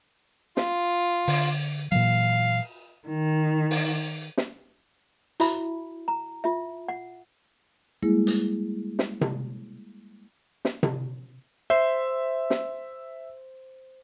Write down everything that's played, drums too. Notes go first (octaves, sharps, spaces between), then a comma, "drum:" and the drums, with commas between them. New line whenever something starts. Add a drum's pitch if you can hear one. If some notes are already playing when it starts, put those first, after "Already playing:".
F4, drum: snare
D3, drum: open hi-hat
A#2 E3 F#3 F5, drum: cymbal
D#3
drum: open hi-hat
drum: snare
E4 F#4 E5 B5, drum: hi-hat
A#5
F4 E5
F#5
G3 G#3 A#3 E4 G#4
drum: hi-hat
drum: snare
drum: tom C3
drum: snare
drum: tom C3
C5 E5
drum: snare